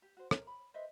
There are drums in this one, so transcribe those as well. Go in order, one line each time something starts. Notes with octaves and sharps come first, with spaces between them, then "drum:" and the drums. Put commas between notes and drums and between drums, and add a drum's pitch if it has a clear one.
G4
F#4 C5
A#4, drum: rim click
B5
B4 C5 D#5 E5